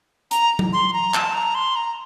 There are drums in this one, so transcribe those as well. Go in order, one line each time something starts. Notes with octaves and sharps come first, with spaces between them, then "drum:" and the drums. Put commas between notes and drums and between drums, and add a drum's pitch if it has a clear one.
A#5, drum: hi-hat
drum: tom F#3
C6
A#5
A5, drum: clap
A#5
C6
A#5